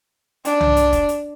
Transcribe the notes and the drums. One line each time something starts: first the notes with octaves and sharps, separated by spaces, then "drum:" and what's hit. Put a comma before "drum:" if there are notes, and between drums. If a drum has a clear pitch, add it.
D4, drum: hi-hat
drum: tom C2
drum: hi-hat
drum: kick E1, hi-hat
drum: hi-hat